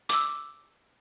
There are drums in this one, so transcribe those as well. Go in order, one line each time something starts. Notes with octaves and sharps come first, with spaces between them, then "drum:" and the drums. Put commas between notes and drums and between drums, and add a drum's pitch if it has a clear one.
D6 E6, drum: hi-hat